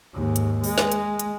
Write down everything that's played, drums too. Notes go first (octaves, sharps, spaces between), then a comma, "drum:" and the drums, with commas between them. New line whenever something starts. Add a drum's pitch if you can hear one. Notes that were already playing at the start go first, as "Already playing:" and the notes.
D#2 G#2
drum: hi-hat
G#3, drum: open hi-hat
drum: snare
drum: hi-hat
drum: hi-hat